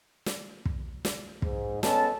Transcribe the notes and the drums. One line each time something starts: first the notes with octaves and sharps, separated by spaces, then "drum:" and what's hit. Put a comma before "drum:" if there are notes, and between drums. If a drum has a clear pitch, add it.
drum: snare
drum: kick
drum: snare
G#2, drum: kick
B3 C#4 A4 D#5 A5, drum: snare